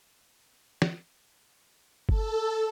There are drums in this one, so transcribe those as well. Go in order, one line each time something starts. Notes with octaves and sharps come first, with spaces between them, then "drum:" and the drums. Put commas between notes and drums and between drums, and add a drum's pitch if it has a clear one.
drum: snare
A4, drum: kick G1